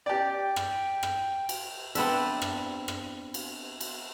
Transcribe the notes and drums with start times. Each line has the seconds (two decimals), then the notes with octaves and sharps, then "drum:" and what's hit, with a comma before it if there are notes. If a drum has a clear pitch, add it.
0.06 G4 D5 G5
0.56 drum: rim click
1.03 drum: rim click
1.49 drum: cymbal
1.95 B3 C4 D4 E5, drum: cymbal
2.42 drum: rim click
2.88 drum: rim click
3.34 drum: cymbal
3.81 drum: cymbal